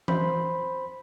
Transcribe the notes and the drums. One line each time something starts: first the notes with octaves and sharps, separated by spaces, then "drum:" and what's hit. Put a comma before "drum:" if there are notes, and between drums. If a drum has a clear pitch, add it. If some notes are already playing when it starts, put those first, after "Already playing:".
C5 B5, drum: tom E3